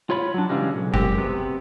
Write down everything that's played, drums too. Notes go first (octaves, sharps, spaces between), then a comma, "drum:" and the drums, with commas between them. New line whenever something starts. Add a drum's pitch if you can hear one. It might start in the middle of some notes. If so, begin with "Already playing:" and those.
F4 C#5 B5
F#3 D4
C#3 E3 G3 G#3
B1
C2 F#2 G#3 C4 F#4 G4, drum: kick F#1
C3 B3